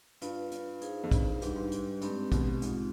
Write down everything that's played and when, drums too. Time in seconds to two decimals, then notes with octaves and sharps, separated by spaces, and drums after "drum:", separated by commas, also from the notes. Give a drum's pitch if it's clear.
0.21 G2 F4 B4 F5, drum: hi-hat
0.51 drum: hi-hat
0.81 D#4 G#4 C5 F5, drum: hi-hat
1.03 F2
1.12 G2, drum: kick, hi-hat
1.42 G#2 G3 D4 G4 B4, drum: hi-hat
1.56 G#2
1.72 drum: hi-hat
2.01 G2 G#3 C4 G4, drum: hi-hat
2.32 B2, drum: kick, hi-hat
2.62 G#2 G#3 C4 F4, drum: hi-hat